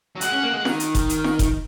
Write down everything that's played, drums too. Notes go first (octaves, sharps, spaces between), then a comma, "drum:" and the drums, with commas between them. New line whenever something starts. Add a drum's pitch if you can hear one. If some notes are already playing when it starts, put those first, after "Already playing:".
F#3
G#3 F#5, drum: hi-hat
C#4
A#3
G#3
D#3, drum: snare
drum: hi-hat
drum: kick F1, hi-hat
drum: hi-hat
drum: snare
drum: kick F1, hi-hat